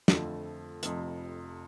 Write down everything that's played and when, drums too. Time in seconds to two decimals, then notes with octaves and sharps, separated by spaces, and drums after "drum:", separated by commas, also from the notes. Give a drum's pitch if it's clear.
0.08 F2 D3 F3 A3, drum: snare
0.83 F1 F2 C3, drum: hi-hat